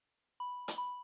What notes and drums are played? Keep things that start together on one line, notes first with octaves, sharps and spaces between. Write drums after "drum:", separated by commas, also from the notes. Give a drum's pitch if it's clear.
B5
drum: hi-hat
B5